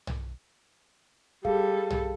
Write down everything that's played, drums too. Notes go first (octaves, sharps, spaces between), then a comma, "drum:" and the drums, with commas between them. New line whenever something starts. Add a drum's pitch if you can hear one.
drum: tom B1
G3 G#4 A4 F5, drum: kick
drum: tom B1